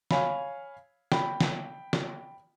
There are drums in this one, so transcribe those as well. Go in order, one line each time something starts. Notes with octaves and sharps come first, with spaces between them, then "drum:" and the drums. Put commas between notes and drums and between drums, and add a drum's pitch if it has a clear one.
C#5 F5 G#5 B5, drum: snare
G5 B5, drum: snare
drum: snare
drum: snare